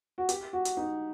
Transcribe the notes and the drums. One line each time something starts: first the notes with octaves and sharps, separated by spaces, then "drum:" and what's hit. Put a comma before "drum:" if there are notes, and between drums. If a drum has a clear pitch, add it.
F#4
G4, drum: hi-hat
F#4
drum: hi-hat
D#4